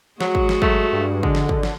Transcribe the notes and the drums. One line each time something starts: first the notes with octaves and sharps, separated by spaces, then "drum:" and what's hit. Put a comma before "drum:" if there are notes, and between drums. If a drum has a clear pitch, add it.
F#3 G#3 F#4, drum: snare
drum: kick
drum: snare
F#3 A3, drum: kick
G2
D3 G#3, drum: kick
drum: snare
drum: kick
drum: snare